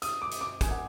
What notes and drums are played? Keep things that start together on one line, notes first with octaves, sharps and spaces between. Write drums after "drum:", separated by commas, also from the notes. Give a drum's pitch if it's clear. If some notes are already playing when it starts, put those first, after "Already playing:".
D#6, drum: hi-hat
D6
drum: hi-hat
D6
G#5, drum: kick, hi-hat
F#5